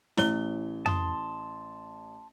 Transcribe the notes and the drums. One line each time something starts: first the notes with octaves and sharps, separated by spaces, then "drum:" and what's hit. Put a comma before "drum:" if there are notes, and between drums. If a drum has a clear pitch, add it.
A1 E4 C#5 G7, drum: snare
A5 C6 D#6, drum: tom F2